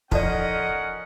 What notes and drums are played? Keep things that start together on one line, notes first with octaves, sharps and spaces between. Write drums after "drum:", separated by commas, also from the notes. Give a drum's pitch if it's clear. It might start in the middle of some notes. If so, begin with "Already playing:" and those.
F2 F3 C#4 D#4 A#4 D5 D#5 F#5, drum: kick